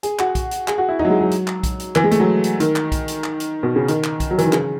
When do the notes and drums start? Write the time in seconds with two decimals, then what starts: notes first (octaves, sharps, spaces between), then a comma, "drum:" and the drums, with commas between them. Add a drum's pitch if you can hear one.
0.03 G#4, drum: hi-hat
0.19 F#4, drum: clap
0.35 drum: kick B1, hi-hat
0.51 drum: hi-hat
0.68 G#4, drum: clap
0.78 F#4
0.89 E4
0.99 D#4, drum: tom E2
1.05 F#3
1.10 G#3
1.21 F#3
1.31 drum: hi-hat
1.47 drum: clap
1.63 drum: kick B1, hi-hat
1.80 drum: hi-hat
1.96 E3, drum: clap
2.04 G#3
2.11 A3, drum: hi-hat
2.20 F#3
2.44 drum: hi-hat
2.60 D#3, drum: hi-hat
2.76 drum: clap
2.92 drum: kick B1, hi-hat
3.08 drum: hi-hat
3.24 drum: clap
3.40 drum: hi-hat
3.63 B2
3.76 C#3
3.88 D#3, drum: hi-hat
4.04 drum: clap
4.20 drum: kick B1, hi-hat
4.31 F#3
4.38 E3, drum: hi-hat
4.46 D#3
4.53 C#3, drum: clap